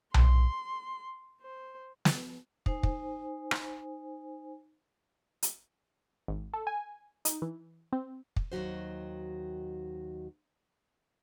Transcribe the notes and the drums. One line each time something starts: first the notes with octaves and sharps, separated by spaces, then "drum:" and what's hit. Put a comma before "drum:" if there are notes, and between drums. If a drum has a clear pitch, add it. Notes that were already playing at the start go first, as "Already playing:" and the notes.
C6, drum: tom B1
C5
drum: snare
D#4 C5 G#5, drum: kick
drum: kick
drum: rim click
drum: hi-hat
G#1
A4
G#5
D#4, drum: hi-hat
E3
C4
drum: kick
D#2 D#3 F#3 F#4 C5